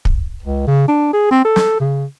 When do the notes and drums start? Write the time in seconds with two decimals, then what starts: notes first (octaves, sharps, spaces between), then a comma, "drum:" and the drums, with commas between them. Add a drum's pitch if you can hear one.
0.05 drum: kick
0.43 C#2
0.68 C#3
0.88 D4
1.13 G#4
1.31 C4
1.45 A4
1.56 drum: snare
1.81 C#3